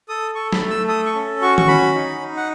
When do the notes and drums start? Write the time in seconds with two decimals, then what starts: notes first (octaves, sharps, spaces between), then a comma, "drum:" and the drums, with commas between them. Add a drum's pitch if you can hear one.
0.09 A4 D#6
0.35 A4 C#6
0.53 B5, drum: snare
0.62 A3
0.70 E6
0.88 A4 D#6
1.05 C#6
1.15 C#4
1.41 F#4 C#6
1.58 C#6, drum: tom D#3
1.68 C#4 B5
1.95 D#4
2.21 D#4
2.37 F#5